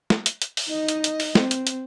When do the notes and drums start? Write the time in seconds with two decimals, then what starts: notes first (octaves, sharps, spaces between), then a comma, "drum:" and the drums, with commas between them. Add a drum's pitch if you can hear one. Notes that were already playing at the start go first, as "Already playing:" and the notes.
0.10 drum: snare
0.26 drum: hi-hat
0.42 drum: hi-hat
0.57 drum: open hi-hat
0.69 D#4 D#5
0.88 drum: hi-hat
1.04 drum: hi-hat
1.20 drum: open hi-hat
1.35 C4, drum: snare
1.51 drum: hi-hat
1.67 drum: hi-hat